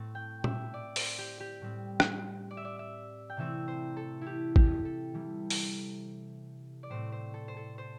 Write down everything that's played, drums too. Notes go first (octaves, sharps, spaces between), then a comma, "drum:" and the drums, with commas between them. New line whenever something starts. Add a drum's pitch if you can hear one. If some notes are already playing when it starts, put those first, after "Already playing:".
Already playing: A2 A3 C4 A5
G5
E5, drum: tom A#2
D5
C5, drum: open hi-hat
G4
G4
A2 G3 C4
drum: rim click
D5
E5
D5
E5
G5
C3 E3 A3 C4 E5
C5
A4
E4
G4
G4, drum: kick
A4
C3 E3 G3
drum: open hi-hat
D5
A2 A3 C4 C5
C5
A4
C5
A4
C5